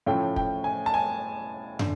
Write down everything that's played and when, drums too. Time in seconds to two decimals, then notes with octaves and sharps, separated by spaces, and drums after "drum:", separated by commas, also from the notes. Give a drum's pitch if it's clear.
0.06 A2 F3 A3 C#4 G5
0.36 G5, drum: kick
0.64 G#5
0.86 A5
0.94 G#5
1.79 D3, drum: tom